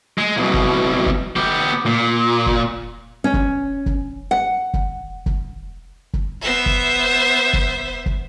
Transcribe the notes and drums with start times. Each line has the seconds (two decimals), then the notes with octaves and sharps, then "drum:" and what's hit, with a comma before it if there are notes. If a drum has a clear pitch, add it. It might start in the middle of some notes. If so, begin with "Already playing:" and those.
0.18 G#3
0.36 C2 B2
0.54 drum: kick
1.06 drum: kick
1.36 B3 G4
1.86 A#2
2.46 drum: kick
3.24 C#4
3.34 drum: kick
3.86 drum: kick
4.31 F#5
4.74 drum: kick
5.26 drum: kick
6.13 drum: kick
6.41 B3 C5 E5
6.66 drum: kick
7.53 drum: kick
8.06 drum: kick